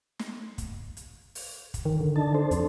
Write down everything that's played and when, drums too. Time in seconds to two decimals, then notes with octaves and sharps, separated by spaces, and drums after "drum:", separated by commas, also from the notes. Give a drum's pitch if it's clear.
0.19 drum: snare
0.58 drum: kick, hi-hat
0.97 drum: hi-hat
1.35 drum: open hi-hat
1.74 drum: kick, hi-hat
1.85 D#3
2.00 D3
2.16 D4 D#4 A5
2.35 D4 A4 C5
2.51 F2, drum: hi-hat